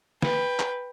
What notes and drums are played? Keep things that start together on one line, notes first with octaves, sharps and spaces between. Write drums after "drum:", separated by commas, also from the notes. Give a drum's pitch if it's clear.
B4 G5, drum: snare
drum: clap